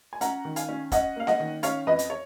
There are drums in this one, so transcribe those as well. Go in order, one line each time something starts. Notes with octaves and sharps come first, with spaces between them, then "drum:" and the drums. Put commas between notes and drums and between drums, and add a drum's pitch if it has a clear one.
G#5
C#4 F#5 A#5, drum: hi-hat
D#3
F5 G#5, drum: hi-hat
C#4
C#4 D#5 F#5, drum: kick, hi-hat
A#3 F5
D#5 F#5, drum: snare C#4
D#3
C#4 C#5 F5, drum: hi-hat
F2 B4 D#5
drum: hi-hat
C#5